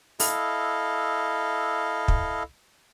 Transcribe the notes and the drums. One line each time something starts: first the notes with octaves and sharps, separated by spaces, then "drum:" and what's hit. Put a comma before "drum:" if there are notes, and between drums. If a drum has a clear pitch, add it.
E4 A4 D#5 F5, drum: open hi-hat
drum: kick